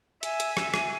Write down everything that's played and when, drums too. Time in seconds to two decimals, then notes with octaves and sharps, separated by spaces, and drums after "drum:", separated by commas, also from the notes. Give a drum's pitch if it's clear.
0.23 E5 G#5, drum: hi-hat
0.40 drum: hi-hat
0.57 drum: rim click
0.74 drum: rim click